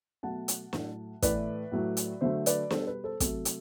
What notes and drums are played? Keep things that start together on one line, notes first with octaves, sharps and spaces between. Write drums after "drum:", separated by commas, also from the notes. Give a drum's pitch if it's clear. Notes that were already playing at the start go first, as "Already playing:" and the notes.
B2 F#3 A3 F#5 A5
drum: hi-hat
A2 F#3 A3, drum: snare
A2 E3 A3 B4 D5, drum: kick, hi-hat
A2 F#3 A3
drum: hi-hat
D3 F#3 A3 C5 E5
B4 D5, drum: hi-hat
B2 G3 A4 C5, drum: snare
B4
A4 C5
C3 F#3 A3 A4, drum: kick, hi-hat
drum: hi-hat